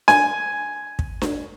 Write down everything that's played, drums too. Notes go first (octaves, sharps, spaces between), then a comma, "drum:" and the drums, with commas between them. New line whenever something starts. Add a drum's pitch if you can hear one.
G#5, drum: snare D4
drum: kick
drum: snare D4